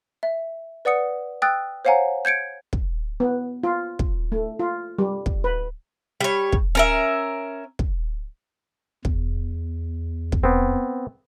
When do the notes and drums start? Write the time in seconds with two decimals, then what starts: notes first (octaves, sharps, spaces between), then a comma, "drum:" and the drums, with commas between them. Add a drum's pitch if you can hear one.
0.23 E5
0.85 B4 D5 F#5 D#6 C#7
1.42 G5 D#6 E6 F#6 A6
1.85 C5 C#5 F5 F#5 G#5 A#5
2.25 G6 G#6 C#7 D7
2.73 drum: kick
3.20 B3
3.63 F4
3.99 drum: kick
4.32 A3
4.59 F4
4.99 G3
5.26 drum: kick
5.44 B4
6.21 G3 C#5
6.52 drum: kick
6.75 C#4 A#4 E5
7.79 drum: kick
9.05 E2, drum: kick
10.32 drum: kick
10.44 B3 C4